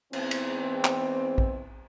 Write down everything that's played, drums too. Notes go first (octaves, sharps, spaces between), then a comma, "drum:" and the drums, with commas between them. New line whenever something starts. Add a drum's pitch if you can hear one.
E2 G#2 E3 C4, drum: cymbal
drum: cymbal
drum: clap
drum: kick A#1